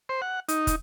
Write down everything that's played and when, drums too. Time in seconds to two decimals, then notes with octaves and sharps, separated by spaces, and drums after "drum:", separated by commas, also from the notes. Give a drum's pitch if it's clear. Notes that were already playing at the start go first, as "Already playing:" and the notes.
0.09 C5
0.22 F#5
0.48 D#4, drum: hi-hat
0.67 drum: kick, hi-hat